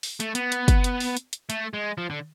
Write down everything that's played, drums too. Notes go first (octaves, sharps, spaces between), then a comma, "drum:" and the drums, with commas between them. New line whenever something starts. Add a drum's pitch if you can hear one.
drum: open hi-hat
A3, drum: hi-hat
B3, drum: hi-hat
drum: hi-hat
drum: kick, hi-hat
drum: hi-hat
drum: open hi-hat
drum: hi-hat
drum: hi-hat
A3, drum: hi-hat
G#3
F3
D3